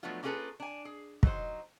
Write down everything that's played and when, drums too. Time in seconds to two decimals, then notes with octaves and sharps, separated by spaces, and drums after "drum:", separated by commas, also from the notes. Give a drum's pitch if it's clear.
0.03 F3 F#3 A3 B3 D4 F4
0.23 A#3 C#4 F4 G#4 A4 B4
0.60 D4 G#5
0.85 G#4
1.23 F#3 D#4 F4 C5, drum: kick